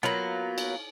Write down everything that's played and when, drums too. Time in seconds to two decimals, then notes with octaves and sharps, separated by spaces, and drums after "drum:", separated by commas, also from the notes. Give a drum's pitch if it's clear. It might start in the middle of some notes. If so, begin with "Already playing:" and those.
0.03 F#3 A#3 B3 F4 B5
0.58 drum: cymbal